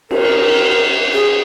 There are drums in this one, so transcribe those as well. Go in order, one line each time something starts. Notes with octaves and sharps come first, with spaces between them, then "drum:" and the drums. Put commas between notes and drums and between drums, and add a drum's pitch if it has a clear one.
A#4, drum: cymbal
G#4